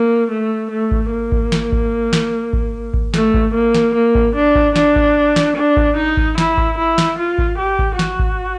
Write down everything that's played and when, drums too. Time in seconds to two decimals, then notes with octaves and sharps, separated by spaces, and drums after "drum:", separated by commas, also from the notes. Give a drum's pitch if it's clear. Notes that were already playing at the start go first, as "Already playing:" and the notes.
Already playing: A#3
0.31 A3
0.71 A3
0.91 drum: kick G#1
1.11 A#3
1.32 drum: kick G#1
1.52 drum: snare
1.72 drum: kick G#1
2.13 drum: snare
2.53 drum: kick G#1
2.94 drum: kick G#1
3.14 A3, drum: snare
3.34 drum: kick G#1
3.54 A#3
3.75 drum: snare
3.95 A#3
4.15 drum: kick G#1
4.35 D4
4.55 drum: kick G#1
4.76 D4, drum: snare
4.96 drum: kick G#1
5.36 drum: snare
5.56 D4
5.77 drum: kick G#1
5.97 D#4
6.17 drum: kick G#1
6.38 E4, drum: snare
6.58 drum: kick G#1
6.78 E4
6.98 drum: snare
7.19 F4
7.38 drum: kick G#1
7.59 G4
7.79 drum: kick G#1
7.99 F#4, drum: snare
8.19 drum: kick G#1